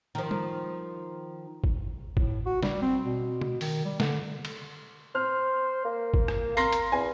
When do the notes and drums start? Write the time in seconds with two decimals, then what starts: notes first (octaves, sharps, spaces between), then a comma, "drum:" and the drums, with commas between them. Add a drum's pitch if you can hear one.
0.15 D#3 F3
0.31 drum: tom
1.64 drum: kick G#1
2.17 A2, drum: kick G#1
2.46 F#4
2.63 G3, drum: snare
2.82 C4
3.05 B2
3.41 drum: tom C3
3.61 D#3, drum: open hi-hat
3.85 G3
4.00 D3, drum: snare
4.45 drum: cymbal
5.15 C5 F6
5.85 A#3
6.14 drum: kick G#1
6.28 drum: rim click
6.57 A#4 C6 A#6 C7, drum: tambourine
6.72 drum: hi-hat
6.92 E2 G#5